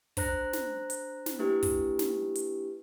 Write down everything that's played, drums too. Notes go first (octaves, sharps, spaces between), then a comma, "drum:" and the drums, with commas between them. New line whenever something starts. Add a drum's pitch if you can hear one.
D4 C5 A#5 F#6 A#6, drum: kick, open hi-hat
drum: snare
drum: hi-hat
drum: snare
A#3 D4 E4 G4 B4
drum: kick, open hi-hat
drum: snare
drum: hi-hat